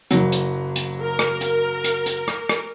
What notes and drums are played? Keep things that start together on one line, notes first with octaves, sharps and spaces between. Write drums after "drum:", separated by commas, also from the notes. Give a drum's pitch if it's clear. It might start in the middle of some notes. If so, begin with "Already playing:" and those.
F#1 F#3, drum: hi-hat
drum: hi-hat
drum: hi-hat
A#4
drum: rim click
drum: hi-hat
drum: hi-hat
drum: hi-hat
drum: rim click
drum: rim click